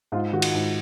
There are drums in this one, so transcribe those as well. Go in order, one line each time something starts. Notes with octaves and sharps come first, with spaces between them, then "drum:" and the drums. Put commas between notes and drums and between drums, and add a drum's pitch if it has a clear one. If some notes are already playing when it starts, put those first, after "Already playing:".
G#2 F4
D#3 F#4
drum: cymbal
G#2